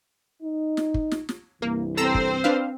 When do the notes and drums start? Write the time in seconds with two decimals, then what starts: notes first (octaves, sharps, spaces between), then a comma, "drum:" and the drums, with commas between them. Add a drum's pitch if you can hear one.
0.43 D#4
0.77 drum: snare
0.94 drum: kick
1.11 drum: snare
1.29 drum: snare
1.62 C2 G2 E3 A#3
1.97 C4 A4 C5 A#5 E6
2.14 drum: kick
2.44 D4 B4 F5